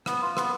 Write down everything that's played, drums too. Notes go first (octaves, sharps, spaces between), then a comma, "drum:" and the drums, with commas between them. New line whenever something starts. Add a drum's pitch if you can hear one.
B3, drum: rim click
F4
B3, drum: rim click